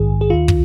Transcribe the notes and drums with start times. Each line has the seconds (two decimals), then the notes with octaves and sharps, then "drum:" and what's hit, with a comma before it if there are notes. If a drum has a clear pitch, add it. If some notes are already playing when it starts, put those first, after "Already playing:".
Already playing: A#1 G#2 D#3 G#4
0.21 G#4
0.30 D#2 D#3 F4
0.48 drum: kick